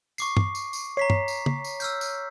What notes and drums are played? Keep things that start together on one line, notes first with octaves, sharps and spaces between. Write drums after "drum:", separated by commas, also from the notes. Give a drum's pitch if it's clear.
C#6 D6 C7, drum: tambourine
drum: tom
drum: tambourine
drum: tambourine
C#5 A#5 B6 C7
drum: tom
drum: tambourine
drum: tom
drum: tambourine
E6 F6 G6, drum: tambourine
drum: tambourine